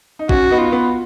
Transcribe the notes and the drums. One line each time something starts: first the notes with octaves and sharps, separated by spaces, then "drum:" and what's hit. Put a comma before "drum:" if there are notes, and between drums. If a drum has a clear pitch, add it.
D#4
C#4 F#4, drum: kick A1
B3 D#4
F4
B3